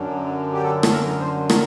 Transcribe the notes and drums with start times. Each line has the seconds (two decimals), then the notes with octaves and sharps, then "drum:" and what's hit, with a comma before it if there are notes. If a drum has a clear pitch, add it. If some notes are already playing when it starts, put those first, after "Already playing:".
Already playing: F#2 D3
0.54 G4
0.63 A4
0.83 A4, drum: rim click
0.91 A#4
1.20 C5
1.49 A#4, drum: rim click